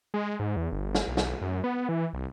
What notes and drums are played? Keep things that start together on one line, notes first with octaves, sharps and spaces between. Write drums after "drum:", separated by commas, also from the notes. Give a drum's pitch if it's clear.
G#3
G#2
E2
G1
drum: snare
B1
drum: snare
F#2
B3
E3
C2